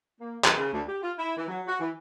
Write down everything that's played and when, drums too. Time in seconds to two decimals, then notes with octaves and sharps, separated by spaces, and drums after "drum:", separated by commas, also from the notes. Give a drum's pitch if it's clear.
0.21 A#3
0.44 D#3, drum: clap
0.57 C#3
0.73 D2
0.89 G4
1.03 F4
1.18 E4
1.36 E3
1.48 F#3
1.68 F#4
1.80 E3